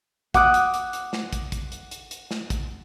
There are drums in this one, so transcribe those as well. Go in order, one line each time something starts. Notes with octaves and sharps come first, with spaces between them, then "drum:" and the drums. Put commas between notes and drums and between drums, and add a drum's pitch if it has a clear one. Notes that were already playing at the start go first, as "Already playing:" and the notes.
F#5 D6 D#6 F#6, drum: kick, hi-hat
drum: hi-hat
drum: hi-hat
drum: hi-hat
drum: snare
drum: kick, hi-hat
drum: kick, hi-hat
drum: hi-hat
drum: hi-hat
drum: hi-hat
drum: snare
drum: kick, hi-hat